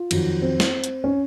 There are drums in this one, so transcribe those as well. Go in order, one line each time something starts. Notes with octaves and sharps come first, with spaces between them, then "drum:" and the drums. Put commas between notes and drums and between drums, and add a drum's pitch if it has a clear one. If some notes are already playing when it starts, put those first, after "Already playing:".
Already playing: F4
F2 D#3 F#3, drum: cymbal
C4
drum: snare
drum: hi-hat
C#4